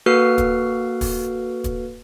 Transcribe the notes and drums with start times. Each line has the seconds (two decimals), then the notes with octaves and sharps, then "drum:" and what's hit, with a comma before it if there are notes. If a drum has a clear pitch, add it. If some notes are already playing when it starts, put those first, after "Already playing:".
0.06 A#3 F#4 A4 B4 F6 C7
0.38 drum: kick, hi-hat
1.01 drum: kick, open hi-hat
1.64 drum: kick, hi-hat